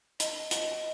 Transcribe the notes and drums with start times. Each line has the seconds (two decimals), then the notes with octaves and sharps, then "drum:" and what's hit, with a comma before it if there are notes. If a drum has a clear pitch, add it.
0.20 D#5, drum: hi-hat
0.51 drum: hi-hat